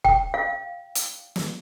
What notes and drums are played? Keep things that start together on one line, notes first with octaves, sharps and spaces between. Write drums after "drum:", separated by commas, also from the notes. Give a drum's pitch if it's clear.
G5, drum: kick
F5
drum: hi-hat
drum: snare